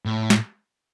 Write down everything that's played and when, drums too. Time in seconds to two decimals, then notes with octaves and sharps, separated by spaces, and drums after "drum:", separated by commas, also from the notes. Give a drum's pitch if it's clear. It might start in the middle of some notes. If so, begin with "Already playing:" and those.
0.05 A2
0.30 drum: snare